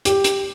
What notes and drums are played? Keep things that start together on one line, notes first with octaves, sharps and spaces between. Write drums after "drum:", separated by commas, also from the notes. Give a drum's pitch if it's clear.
G4, drum: hi-hat
drum: hi-hat